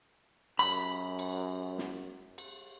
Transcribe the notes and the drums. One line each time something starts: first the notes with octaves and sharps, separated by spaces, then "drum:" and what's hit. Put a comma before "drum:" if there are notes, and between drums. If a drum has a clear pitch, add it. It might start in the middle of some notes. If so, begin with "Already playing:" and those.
F#2 B5, drum: cymbal
drum: cymbal
drum: snare
drum: cymbal